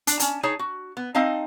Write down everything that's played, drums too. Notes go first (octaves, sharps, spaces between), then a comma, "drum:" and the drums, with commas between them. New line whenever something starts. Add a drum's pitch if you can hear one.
D4, drum: hi-hat
C#4 A5, drum: hi-hat
D#4 G#4 C#5 A5
F#4
B3
C4 D#4 D#5 F5 A5